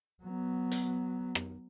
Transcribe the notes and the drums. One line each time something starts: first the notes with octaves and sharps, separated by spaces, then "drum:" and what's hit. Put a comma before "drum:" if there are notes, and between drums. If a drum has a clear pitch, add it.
F#3 B3
drum: hi-hat
drum: rim click